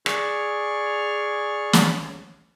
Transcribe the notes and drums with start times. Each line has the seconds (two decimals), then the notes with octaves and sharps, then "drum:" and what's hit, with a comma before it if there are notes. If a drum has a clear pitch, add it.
0.06 G#4 D5 C#6 F6, drum: rim click
1.73 drum: snare